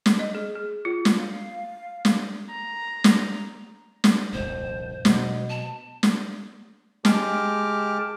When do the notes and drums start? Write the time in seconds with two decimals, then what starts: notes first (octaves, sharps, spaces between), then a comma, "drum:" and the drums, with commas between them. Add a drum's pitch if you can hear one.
0.06 drum: snare
0.19 D#5
0.35 G#4
0.55 G#4
0.85 F4
1.05 drum: snare
1.18 F5
2.05 drum: snare
2.50 A#5
3.04 drum: snare
4.04 drum: snare
4.33 D#1 C2 F2 C5
5.05 B2 F#3, drum: snare
5.50 A5
6.03 drum: snare
7.05 G#3 G4 A5 D6 F6, drum: snare